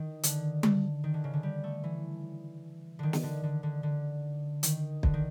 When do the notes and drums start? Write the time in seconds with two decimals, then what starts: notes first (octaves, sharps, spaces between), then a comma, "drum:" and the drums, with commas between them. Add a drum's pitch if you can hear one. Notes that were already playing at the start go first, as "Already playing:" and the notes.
Already playing: D#3
0.23 D3, drum: hi-hat
0.63 drum: tom G3
1.04 D#3
1.14 D3
1.24 C#3
1.33 D3
1.43 G3
1.64 A3
1.84 E3
2.99 D3 D#3
3.13 drum: snare
3.23 D3
3.43 D3
3.63 D3
3.83 D3
4.63 D#3, drum: hi-hat
5.03 D3, drum: kick
5.14 D#3